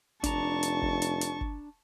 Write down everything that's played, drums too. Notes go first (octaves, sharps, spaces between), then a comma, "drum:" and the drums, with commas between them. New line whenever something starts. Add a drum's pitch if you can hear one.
F1 D4 A5 A#5 C#6, drum: kick G1, hi-hat
drum: hi-hat
drum: kick G1
drum: hi-hat
drum: hi-hat
drum: kick G1